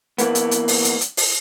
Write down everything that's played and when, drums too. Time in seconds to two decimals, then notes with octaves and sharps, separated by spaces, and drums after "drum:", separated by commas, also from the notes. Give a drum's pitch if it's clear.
0.18 E3 A#3 B3, drum: hi-hat
0.35 drum: hi-hat
0.51 drum: hi-hat
0.68 drum: open hi-hat
0.84 drum: hi-hat
1.01 drum: hi-hat
1.17 drum: open hi-hat